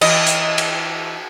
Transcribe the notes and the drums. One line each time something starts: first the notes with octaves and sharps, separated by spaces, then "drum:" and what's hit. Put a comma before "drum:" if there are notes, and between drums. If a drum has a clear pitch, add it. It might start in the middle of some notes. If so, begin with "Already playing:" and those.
E3 D#5, drum: cymbal
drum: hi-hat
drum: cymbal